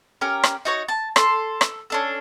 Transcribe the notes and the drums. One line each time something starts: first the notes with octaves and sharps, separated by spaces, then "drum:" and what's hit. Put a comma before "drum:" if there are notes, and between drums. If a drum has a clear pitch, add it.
C#4 G4 A#4
drum: rim click
D#4 F#4 C#5
A5
A4 C6, drum: rim click
drum: rim click
C#4 D4 A4